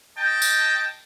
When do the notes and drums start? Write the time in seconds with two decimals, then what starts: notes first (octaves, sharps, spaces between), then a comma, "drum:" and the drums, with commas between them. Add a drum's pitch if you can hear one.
0.18 D#5 G5 A5
0.42 drum: tambourine